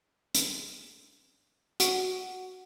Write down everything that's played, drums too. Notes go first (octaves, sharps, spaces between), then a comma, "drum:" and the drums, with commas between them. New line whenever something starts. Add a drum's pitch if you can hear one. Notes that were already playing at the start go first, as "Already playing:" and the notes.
drum: hi-hat
F#4, drum: hi-hat